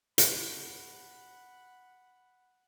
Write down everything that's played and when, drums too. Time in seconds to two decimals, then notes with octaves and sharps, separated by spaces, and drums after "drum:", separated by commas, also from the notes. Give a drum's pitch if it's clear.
0.18 F#5 B5, drum: hi-hat